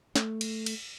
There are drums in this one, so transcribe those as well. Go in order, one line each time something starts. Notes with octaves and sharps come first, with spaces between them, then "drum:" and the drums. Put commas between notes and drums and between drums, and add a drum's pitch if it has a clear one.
A3, drum: snare
drum: cymbal
drum: cymbal